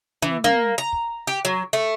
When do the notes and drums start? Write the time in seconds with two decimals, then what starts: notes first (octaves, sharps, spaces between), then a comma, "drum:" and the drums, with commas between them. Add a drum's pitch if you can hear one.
0.22 E3, drum: tom
0.44 A#3, drum: tom
0.78 A#5
0.93 drum: kick
1.27 G4
1.45 F#3
1.73 A3